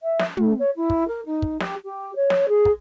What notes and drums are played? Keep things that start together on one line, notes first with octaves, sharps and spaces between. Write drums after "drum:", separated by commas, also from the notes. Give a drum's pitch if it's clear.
E5
drum: snare
A3, drum: tom
C#5
E4
drum: kick
A#4
D#4
drum: kick
G4, drum: snare
G4
C#5
drum: snare
G#4
drum: kick